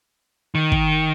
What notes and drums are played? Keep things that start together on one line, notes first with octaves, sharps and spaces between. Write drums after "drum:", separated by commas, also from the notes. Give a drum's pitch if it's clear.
D#3
drum: kick